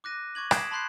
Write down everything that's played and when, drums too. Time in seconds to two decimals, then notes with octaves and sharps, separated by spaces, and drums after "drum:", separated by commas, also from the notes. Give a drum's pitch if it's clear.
0.04 D6 F#6 A#6 D#7
0.35 C#6 D6 G#6 F#7
0.51 D#6 G#6 B6 C7 D7 E7, drum: rim click
0.71 A5 B5 C6 F#6 G6 C7